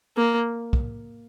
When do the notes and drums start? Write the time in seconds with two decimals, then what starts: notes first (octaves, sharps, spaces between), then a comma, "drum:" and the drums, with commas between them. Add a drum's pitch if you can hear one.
0.17 A#3
0.73 drum: kick